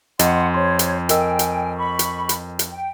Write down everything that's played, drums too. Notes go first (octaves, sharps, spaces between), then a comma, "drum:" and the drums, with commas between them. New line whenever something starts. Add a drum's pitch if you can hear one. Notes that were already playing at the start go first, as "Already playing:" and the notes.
F2 D#5 F#5 C6, drum: hi-hat
C5 C#5 C6
drum: hi-hat
A#4 D#5 G5 G#5 E6, drum: hi-hat
drum: hi-hat
B5 C#6
drum: hi-hat
drum: hi-hat
drum: hi-hat
G5